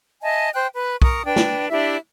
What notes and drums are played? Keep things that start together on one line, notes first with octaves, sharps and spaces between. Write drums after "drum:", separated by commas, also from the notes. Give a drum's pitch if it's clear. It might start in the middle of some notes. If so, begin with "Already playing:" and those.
D#5 E5 G#5 A5
C5 G5 F#6
B4
A#4 C#6 D#6, drum: kick B1
D4 B4 G5
drum: snare
D4 E4 G4 E5